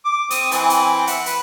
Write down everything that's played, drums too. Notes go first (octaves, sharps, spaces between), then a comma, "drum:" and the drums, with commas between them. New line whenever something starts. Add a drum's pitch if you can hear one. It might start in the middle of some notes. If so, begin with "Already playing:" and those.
D6
C4 D#6, drum: hi-hat
E3 C4 G#5, drum: hi-hat
drum: hi-hat
E5 F#5, drum: hi-hat
B4, drum: hi-hat